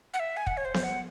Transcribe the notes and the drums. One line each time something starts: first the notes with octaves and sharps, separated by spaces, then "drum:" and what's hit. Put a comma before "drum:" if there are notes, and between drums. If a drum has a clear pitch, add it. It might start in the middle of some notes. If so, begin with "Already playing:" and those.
F#5
E5
G#5
F#5, drum: kick
C#5
C5
drum: snare B3
F#5